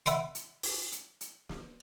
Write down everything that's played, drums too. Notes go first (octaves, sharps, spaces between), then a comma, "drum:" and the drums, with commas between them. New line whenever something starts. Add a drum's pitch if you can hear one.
E5 F#5 B5 C6, drum: hi-hat
drum: hi-hat
drum: open hi-hat
drum: hi-hat
drum: hi-hat
drum: snare